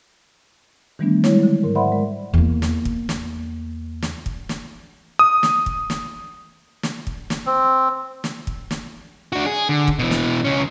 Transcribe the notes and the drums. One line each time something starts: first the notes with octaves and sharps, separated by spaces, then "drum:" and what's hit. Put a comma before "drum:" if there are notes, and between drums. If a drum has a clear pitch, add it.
D#3 E3 G3 A3 B3 D4
G3 G#3 E4 C#5, drum: snare
D3 F#3
G#2 A#4
C5 D5 E5 F#5 B5 C6
G#3 A#4
E2 A#3
drum: snare
drum: kick
drum: snare
drum: snare
drum: kick
drum: snare
D#6
drum: snare
drum: kick
drum: snare
drum: snare
drum: kick
drum: snare
C4
drum: snare
drum: kick
drum: snare
D4 F#4
G#4
D3
drum: kick
B2 E3
drum: snare
C#2 C#4